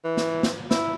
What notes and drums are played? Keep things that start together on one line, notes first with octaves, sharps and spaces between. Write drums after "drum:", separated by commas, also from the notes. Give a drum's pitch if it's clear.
E3
drum: snare
drum: snare
E4, drum: snare